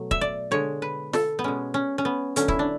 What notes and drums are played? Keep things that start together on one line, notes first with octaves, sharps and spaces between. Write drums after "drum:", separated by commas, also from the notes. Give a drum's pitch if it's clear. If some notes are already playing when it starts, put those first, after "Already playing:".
Already playing: B2 F#3 A3
E5, drum: kick
D5
D3 G#3 C#5
B4
A4, drum: snare
B3
B2 G#3 C#4
C#4
C#4
B3
D3 F#3 A3 C#4, drum: hi-hat
E4, drum: kick
D4